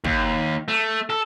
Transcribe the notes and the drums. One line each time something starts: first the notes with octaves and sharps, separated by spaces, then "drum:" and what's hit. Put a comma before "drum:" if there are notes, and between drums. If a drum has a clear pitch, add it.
D#2, drum: kick
A3
A4